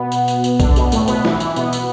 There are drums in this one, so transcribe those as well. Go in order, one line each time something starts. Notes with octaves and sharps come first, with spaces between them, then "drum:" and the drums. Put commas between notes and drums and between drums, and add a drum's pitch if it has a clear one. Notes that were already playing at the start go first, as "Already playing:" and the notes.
Already playing: B2 B3
drum: tambourine
drum: tambourine
drum: tambourine
D3 D4, drum: kick B1, tambourine
B2 B3, drum: tambourine
A2 A3, drum: tambourine
B2 B3, drum: tambourine
E3 E4, drum: snare
E3 E4, drum: tambourine
B2 B3, drum: tambourine
drum: tambourine